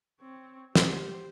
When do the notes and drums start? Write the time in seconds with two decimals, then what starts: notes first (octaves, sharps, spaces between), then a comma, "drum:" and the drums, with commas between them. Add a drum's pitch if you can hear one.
0.21 C4 C#5
0.75 G4 C5, drum: snare